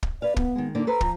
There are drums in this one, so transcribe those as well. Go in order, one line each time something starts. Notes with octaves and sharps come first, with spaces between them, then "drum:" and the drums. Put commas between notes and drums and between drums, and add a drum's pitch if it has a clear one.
drum: kick
B4 D5 F5
B3, drum: kick
D#3 G#3
D3 A#3 D#4 D5
A4 B4 C5 A#5
F3, drum: kick